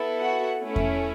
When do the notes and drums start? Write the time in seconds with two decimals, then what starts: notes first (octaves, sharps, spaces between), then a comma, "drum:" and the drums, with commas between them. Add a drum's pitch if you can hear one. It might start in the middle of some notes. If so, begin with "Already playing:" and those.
Already playing: B3 E4 A4
0.21 F#4 F#5
0.62 A3 C#4 E4
0.76 drum: kick E2